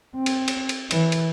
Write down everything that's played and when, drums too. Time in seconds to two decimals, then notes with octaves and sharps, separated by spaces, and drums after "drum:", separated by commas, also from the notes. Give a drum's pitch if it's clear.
0.16 C4
0.26 drum: cymbal
0.48 drum: cymbal
0.69 drum: cymbal
0.91 E3, drum: cymbal
1.12 drum: cymbal